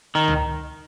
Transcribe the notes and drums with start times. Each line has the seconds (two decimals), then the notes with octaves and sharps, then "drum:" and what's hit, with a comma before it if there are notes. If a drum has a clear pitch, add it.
0.15 D#3
0.28 drum: tom C#2